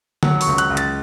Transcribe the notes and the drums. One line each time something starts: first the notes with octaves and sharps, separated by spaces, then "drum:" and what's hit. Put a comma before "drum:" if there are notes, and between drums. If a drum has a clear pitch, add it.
F#3 F#5, drum: tom D3
C#6, drum: open hi-hat
C#2
F#6, drum: hi-hat
C#2
A6, drum: hi-hat